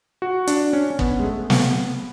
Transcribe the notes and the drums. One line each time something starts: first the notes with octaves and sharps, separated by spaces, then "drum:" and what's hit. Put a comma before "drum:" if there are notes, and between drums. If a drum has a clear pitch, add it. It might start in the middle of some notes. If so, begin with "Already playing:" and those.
F#4
D4, drum: hi-hat
C#4
C#4
B3, drum: kick
G#3
A3
B3, drum: snare